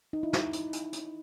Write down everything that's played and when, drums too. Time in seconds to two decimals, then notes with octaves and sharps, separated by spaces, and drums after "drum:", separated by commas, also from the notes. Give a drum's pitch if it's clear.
0.13 D#4
0.23 E4
0.33 drum: snare
0.53 drum: hi-hat
0.73 drum: hi-hat
0.93 drum: hi-hat